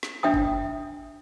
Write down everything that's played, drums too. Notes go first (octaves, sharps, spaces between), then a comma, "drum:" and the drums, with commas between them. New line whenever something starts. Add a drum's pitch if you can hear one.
drum: snare
D4 E5 G5 D#6
drum: kick G1